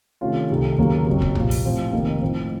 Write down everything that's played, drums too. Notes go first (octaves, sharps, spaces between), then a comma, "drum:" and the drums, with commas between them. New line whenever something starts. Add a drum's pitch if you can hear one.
C3 D#3 A3 C#4 F4
C2 C3 D#3 A3
D#2 C#3 F#3 A#3 D#4
F#1 F2 C#3 F#3
drum: kick
C2 A#2 F3, drum: tom B1
drum: open hi-hat
A2 F3 C4
F1 F2 D#3 A#3
A2 F3 C4